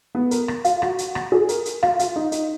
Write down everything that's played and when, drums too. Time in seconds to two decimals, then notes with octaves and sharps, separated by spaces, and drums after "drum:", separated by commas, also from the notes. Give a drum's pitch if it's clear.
0.15 B3
0.31 A#4, drum: hi-hat
0.48 drum: rim click
0.64 F4, drum: hi-hat
0.82 F#4, drum: rim click
0.98 drum: hi-hat
1.15 drum: rim click
1.32 G#4
1.49 A#4, drum: hi-hat
1.65 drum: hi-hat
1.83 F4, drum: rim click
1.99 F4, drum: hi-hat
2.16 D#4
2.32 D#4, drum: hi-hat